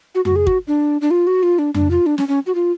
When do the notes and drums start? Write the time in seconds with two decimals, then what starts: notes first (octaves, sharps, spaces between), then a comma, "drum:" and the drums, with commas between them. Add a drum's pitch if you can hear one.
0.15 F#4
0.25 F#4, drum: tom F2
0.36 G#4
0.47 F#4, drum: kick
0.67 D4
1.01 D4
1.11 F4
1.27 F#4
1.43 F4
1.59 D4
1.75 D4, drum: tom F2
1.91 F4
2.06 D4
2.18 C#4, drum: snare
2.28 C#4
2.47 F#4
2.55 F4